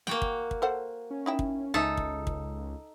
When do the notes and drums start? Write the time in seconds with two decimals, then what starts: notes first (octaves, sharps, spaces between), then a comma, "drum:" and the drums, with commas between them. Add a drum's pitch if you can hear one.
0.07 A#3 F#4 G5, drum: snare
0.22 drum: kick
0.51 drum: kick
0.62 A4 C5 F#5
1.11 C#4
1.26 D#4 E4 G5
1.39 drum: kick
1.74 C#2 C#4 D#4 A4 E5
1.97 drum: kick
2.27 drum: kick